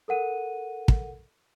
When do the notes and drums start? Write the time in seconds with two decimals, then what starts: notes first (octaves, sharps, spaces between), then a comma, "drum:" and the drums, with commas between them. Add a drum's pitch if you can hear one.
0.08 A4 A#4 F#5 D#7
0.88 drum: kick